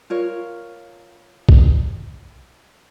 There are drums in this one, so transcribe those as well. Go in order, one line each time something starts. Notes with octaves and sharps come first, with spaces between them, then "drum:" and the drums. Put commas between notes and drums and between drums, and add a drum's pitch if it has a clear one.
F4 A#4 C#5
drum: kick